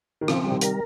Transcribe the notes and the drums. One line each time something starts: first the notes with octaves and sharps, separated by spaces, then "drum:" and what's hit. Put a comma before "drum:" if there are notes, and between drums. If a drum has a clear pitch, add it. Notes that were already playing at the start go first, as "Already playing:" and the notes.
D#3
C#3 F3 C4, drum: rim click
G3
C3 D#3
A#4, drum: hi-hat